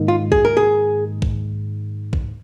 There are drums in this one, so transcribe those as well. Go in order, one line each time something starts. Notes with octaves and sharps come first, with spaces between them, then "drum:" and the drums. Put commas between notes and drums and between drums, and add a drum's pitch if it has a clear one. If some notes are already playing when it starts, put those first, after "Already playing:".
Already playing: G#2 D#3 A#3 D#4
F4
G#4, drum: kick
A#4
G#4
drum: kick
drum: kick